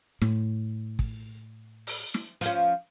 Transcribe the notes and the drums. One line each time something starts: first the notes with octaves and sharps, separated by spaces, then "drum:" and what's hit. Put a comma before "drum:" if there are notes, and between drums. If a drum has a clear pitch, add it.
A2, drum: snare
drum: kick
drum: open hi-hat
drum: snare
F3 C#4, drum: hi-hat